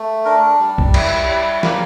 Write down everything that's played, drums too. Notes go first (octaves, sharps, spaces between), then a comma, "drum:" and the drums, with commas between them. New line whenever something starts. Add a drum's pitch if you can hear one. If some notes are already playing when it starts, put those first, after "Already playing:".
Already playing: A3
D4 A#4
G3
drum: kick B1
E4, drum: cymbal
G3
A#3, drum: snare